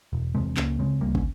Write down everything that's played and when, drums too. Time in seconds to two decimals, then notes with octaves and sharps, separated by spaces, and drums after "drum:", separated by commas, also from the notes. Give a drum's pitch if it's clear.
0.13 E1
0.35 E2 C3 G#3 C4
0.57 C#2 A#3 C#4, drum: clap
0.79 C#3 G#3 C4
1.01 C#2 G3 A#3
1.15 C#4, drum: kick